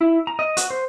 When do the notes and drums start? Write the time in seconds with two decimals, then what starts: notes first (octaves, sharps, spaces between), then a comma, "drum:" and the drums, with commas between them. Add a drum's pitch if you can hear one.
0.01 E4
0.27 A#5
0.39 D#5
0.57 F#4, drum: hi-hat
0.70 C5